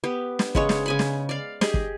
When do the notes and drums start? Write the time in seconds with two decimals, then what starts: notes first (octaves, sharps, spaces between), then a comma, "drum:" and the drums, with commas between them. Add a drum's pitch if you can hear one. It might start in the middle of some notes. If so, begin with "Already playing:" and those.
0.04 B3 G4
0.39 drum: snare
0.55 C#3 G#3 C#5, drum: kick
0.69 drum: snare
0.86 C#3 G#5 B5
0.99 drum: snare
1.29 D5 F5
1.61 G4 G#4 D#5, drum: snare
1.74 drum: kick